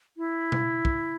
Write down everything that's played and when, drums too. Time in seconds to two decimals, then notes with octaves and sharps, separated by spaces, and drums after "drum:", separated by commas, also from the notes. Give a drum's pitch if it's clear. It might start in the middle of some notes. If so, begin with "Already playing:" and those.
0.17 E4
0.52 drum: tom B2
0.85 drum: kick